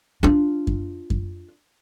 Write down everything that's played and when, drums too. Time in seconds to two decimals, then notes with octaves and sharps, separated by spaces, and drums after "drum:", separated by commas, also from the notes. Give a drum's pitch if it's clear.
0.23 D4 F4
0.67 drum: kick F#2
1.10 drum: kick F#2